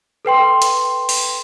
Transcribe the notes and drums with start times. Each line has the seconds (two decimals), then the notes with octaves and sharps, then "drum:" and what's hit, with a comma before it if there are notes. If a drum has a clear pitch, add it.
0.25 A4 B4 G5 C6
0.62 drum: hi-hat
1.09 drum: open hi-hat